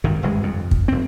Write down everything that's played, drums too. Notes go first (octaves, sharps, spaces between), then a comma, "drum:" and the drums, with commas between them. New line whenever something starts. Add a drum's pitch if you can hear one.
G#1 G2 C3 D#3
F1 G2 G#3
F2
drum: kick
F1 C4